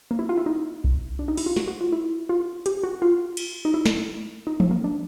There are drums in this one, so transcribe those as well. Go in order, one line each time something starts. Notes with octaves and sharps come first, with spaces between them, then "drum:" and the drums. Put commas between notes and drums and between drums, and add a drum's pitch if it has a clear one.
A#3
E4
F4
E4
D#4
drum: kick B1
D4
D#4
E4, drum: open hi-hat
F4
F#4, drum: snare
F#4
F4
E4
F4
G4, drum: hi-hat
F#4
F4
drum: cymbal
D#4
E4
drum: snare
D#4
A3, drum: tom E3
A#3
D4